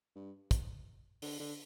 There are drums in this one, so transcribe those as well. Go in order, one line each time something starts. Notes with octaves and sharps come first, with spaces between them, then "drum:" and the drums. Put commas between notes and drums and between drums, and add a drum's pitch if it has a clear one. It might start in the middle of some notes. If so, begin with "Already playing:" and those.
G2
drum: kick, hi-hat
D3, drum: open hi-hat
D3